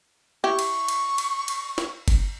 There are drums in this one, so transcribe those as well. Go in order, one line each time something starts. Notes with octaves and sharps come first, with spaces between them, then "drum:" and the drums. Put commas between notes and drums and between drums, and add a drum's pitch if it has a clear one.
E4 G4 C#6
drum: cymbal
drum: cymbal
drum: cymbal
drum: cymbal
drum: snare
drum: kick F#1, cymbal